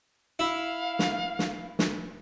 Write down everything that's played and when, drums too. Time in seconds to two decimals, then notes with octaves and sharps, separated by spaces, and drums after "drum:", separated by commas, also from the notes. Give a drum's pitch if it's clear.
0.39 E4 F5
0.99 drum: snare
1.39 drum: snare
1.79 drum: snare